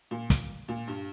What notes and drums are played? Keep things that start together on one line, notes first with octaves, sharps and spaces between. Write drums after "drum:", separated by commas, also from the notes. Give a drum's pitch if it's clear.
A#2
drum: kick, hi-hat
A#2
G2